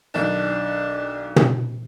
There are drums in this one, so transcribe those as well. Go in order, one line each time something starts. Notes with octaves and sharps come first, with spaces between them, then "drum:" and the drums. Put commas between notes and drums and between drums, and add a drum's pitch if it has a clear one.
B1 D#3 D4
drum: tom